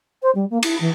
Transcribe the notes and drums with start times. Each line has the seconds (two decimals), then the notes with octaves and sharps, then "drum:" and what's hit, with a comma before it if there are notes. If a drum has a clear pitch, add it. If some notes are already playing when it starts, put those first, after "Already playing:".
0.22 C5
0.34 G3
0.50 A#3
0.63 E4, drum: cymbal
0.80 E3